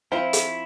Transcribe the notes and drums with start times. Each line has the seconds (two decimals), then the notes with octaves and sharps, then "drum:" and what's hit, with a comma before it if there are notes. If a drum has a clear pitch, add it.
0.12 F3 C4 E4 F4 C5
0.33 drum: hi-hat